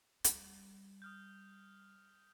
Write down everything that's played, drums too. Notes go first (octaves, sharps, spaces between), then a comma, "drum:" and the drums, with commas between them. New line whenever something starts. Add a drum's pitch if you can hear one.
G3, drum: hi-hat
D#6 F6 G6